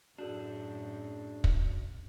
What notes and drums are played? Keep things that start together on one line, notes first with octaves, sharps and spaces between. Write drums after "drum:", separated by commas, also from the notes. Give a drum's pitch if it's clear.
F#2 A2 D4 F#4 G#4 A4
drum: kick